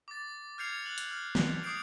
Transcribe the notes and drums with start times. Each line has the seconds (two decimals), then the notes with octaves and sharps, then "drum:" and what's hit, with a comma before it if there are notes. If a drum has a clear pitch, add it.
0.08 D6 A6
0.58 F6 G6 G#6 C7 C#7 F7
0.85 F6 F#6 F7 F#7
0.98 drum: hi-hat
1.11 F6
1.35 drum: snare
1.63 D6 D#6 G6 C7 D7 F7